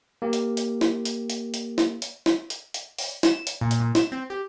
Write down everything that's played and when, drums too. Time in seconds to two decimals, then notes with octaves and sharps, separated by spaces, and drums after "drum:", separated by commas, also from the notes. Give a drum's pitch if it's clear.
0.22 A#3 G4
0.33 drum: hi-hat
0.57 drum: hi-hat
0.81 drum: snare
1.05 drum: hi-hat
1.30 drum: hi-hat
1.54 drum: hi-hat
1.78 drum: snare
2.02 drum: hi-hat
2.26 drum: snare
2.50 drum: hi-hat
2.74 drum: hi-hat
2.98 drum: open hi-hat
3.23 E7, drum: snare
3.47 drum: hi-hat
3.61 A#2
3.71 drum: hi-hat
3.80 A#2
3.95 E7, drum: snare
4.12 C4
4.30 G4